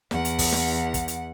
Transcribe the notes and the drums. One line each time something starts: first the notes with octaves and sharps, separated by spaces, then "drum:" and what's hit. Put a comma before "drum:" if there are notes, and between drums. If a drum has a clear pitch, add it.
E2 F#5, drum: snare
drum: hi-hat
drum: kick, open hi-hat
drum: snare
drum: kick, hi-hat
drum: hi-hat